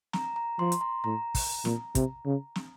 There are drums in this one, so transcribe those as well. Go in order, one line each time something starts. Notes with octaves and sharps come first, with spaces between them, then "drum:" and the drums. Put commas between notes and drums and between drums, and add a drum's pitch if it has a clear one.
A#5, drum: snare
A#5
F3 C6
C6, drum: hi-hat
A#5
A2 A#5
drum: kick, open hi-hat
A#2, drum: snare
C3, drum: kick, hi-hat
C#3
drum: snare